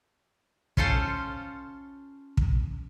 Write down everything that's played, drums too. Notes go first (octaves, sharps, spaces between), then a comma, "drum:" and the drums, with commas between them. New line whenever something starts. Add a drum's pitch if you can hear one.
C#4 F4 A4 C5, drum: kick
drum: kick